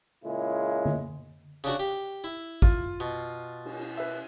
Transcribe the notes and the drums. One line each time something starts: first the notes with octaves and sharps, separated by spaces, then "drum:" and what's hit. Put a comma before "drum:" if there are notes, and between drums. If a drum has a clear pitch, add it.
A#2 C#3 G#3 E4
drum: tom D3
C#3 D4 F#4
G4
E4
F4, drum: kick G#1
B2
drum: cymbal
B4 E5